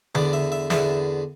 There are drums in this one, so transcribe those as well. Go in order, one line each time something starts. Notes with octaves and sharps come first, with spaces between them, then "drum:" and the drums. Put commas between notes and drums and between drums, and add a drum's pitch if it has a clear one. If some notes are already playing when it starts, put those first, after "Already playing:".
E2 D3 B3 D5, drum: tom D3
E5
E5
E2 D3 B3 E5, drum: snare